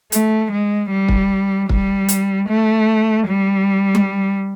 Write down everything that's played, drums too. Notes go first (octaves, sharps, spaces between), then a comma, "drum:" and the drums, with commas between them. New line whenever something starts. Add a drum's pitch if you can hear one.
A3, drum: hi-hat
G#3
G3
drum: kick
G3, drum: kick
drum: hi-hat
A3
G3
drum: tom G3